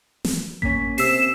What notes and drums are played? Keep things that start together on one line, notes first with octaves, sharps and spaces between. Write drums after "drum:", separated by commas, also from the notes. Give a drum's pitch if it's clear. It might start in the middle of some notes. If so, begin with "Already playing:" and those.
drum: snare
A#3 C#4 B6, drum: kick A1
C3 E6 B6 C7 E7, drum: open hi-hat